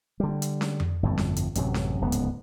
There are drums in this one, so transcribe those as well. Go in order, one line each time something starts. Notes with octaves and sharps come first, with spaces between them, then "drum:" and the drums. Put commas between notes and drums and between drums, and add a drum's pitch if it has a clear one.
D3 G3
drum: hi-hat
drum: snare C#4
drum: tom F2
G1 F2 A2
drum: snare C#4
drum: hi-hat
A1 F#2 C3 F#3, drum: hi-hat
drum: snare C#4
D1 C#2 G#2 B3
drum: hi-hat